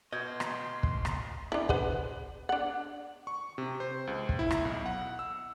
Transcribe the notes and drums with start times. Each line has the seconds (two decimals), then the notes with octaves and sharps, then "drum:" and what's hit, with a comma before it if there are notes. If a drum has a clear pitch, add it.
0.13 B2 D#5 C6 G6 G#6
0.40 drum: rim click
0.83 drum: kick
1.05 drum: rim click
1.52 D4 E4
1.69 B4 C5 F#5, drum: kick
2.49 D4 F#5
3.27 C#6
3.58 C3
3.80 C5
4.07 C#2
4.29 drum: kick
4.39 E4
4.51 drum: rim click
4.65 B1
4.86 F#5
5.19 E6